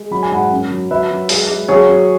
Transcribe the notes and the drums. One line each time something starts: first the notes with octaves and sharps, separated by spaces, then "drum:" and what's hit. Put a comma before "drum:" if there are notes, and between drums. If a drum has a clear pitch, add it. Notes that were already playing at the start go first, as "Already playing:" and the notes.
Already playing: G#3
F#3 B5
G#5
G#2 F#5 B5
F#2
F#3
F#3 B4 E5
F#3
G#3, drum: open hi-hat
G#3
F#3 G#4 C#5
F#3